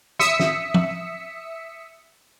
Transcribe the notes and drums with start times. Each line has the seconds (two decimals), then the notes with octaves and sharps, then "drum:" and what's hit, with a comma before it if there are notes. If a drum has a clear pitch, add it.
0.19 E5 D#6 E6 B6 C#7, drum: rim click
0.40 drum: snare
0.74 drum: tom F3